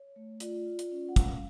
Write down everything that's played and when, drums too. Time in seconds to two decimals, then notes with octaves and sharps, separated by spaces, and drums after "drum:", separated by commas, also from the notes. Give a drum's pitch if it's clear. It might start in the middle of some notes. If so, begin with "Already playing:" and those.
Already playing: C#5
0.16 A3
0.40 F4 D5, drum: hi-hat
0.66 F4
0.79 drum: hi-hat
0.92 C#4
1.09 F#5
1.16 G3 F5, drum: kick, hi-hat